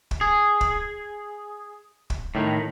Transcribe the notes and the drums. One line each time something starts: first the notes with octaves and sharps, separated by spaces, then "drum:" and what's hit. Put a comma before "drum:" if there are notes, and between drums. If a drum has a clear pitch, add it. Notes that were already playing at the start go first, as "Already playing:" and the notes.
drum: kick
G#4
drum: kick
drum: kick
A2 D#3